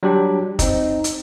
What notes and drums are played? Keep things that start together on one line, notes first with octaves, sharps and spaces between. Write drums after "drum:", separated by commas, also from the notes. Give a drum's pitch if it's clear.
F#3 G3 D4 G4
C4 D#4, drum: kick, hi-hat
drum: hi-hat